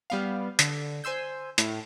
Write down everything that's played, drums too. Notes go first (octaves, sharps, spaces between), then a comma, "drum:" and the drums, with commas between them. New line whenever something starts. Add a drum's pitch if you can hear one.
G3 B3 F5
D3, drum: hi-hat
C5 G#5 C6 E6 G6
A2, drum: hi-hat